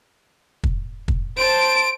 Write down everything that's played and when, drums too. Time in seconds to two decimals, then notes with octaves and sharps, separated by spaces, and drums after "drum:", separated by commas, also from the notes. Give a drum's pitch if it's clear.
0.64 drum: kick
1.08 drum: kick
1.38 C5 A5 D7